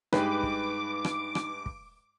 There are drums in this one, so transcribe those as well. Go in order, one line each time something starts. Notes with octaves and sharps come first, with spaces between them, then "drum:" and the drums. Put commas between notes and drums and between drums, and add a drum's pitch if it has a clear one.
G2 G#3 D#4 G4 B4 D6, drum: rim click
drum: kick
drum: rim click
drum: rim click
drum: kick